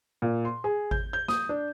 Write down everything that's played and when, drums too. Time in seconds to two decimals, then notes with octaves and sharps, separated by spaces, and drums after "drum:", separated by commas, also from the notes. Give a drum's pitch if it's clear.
0.22 A#2
0.45 C6
0.64 G#4
0.91 G6, drum: kick G#1
1.13 G6
1.28 D#6, drum: snare
1.49 D4